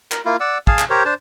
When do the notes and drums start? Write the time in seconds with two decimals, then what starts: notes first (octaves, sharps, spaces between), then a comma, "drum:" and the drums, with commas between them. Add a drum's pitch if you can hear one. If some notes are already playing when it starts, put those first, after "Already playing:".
0.12 A#4, drum: clap
0.25 A#3 E4 F4
0.40 D5 F#5 E6
0.67 G#4 F5 G#5 A5, drum: kick
0.79 drum: clap
0.90 G4 A#4 C5 C#5
1.05 D4 C5 A5